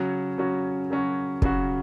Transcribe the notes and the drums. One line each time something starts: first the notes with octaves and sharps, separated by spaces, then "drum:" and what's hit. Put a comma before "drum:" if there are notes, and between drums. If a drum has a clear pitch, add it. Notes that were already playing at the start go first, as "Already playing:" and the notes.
Already playing: C#3 F#3 C#4 F#4
C#3 F#3 C#4 F#4
C#3 F#3 C#4 F#4
C#3 F#3 C#4 F#4, drum: kick